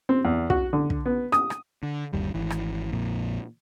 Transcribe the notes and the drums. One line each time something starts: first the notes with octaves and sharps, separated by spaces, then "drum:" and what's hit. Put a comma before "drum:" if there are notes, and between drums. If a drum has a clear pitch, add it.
C4
E2
F#4, drum: kick
D3
drum: kick
B3
D#6, drum: rim click
drum: rim click
D3
G1 D#2 G3
G#1 E3
drum: rim click
A#1 F2 A#2